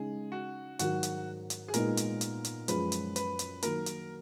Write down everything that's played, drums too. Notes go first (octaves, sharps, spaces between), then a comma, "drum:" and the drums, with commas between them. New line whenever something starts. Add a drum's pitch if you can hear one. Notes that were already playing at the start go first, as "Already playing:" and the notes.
Already playing: C#3 G#3 D#4 G#4
F#4
G#2 D#3 F#3 F#4, drum: hi-hat
drum: hi-hat
drum: hi-hat
G#4
A#2 G#3 B3 D#4 A#4, drum: hi-hat
drum: hi-hat
drum: hi-hat
drum: hi-hat
F#2 F3 G#3 B4, drum: hi-hat
drum: hi-hat
B4, drum: hi-hat
drum: hi-hat
D#3 F#3 A#3 A#4, drum: hi-hat
drum: hi-hat